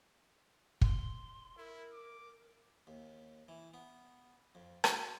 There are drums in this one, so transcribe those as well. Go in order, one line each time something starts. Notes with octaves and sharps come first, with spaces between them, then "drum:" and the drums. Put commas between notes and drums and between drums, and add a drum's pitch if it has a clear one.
C6, drum: kick
E4 A#4
D6
D#2
E3
B3
F2
F#4, drum: rim click